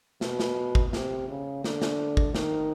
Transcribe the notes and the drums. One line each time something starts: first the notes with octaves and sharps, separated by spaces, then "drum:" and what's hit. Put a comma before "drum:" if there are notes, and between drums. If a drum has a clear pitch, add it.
B2, drum: snare
drum: snare
drum: kick G#1
C3, drum: snare
C#3
D3, drum: snare
drum: snare
drum: kick G#1
D#3, drum: snare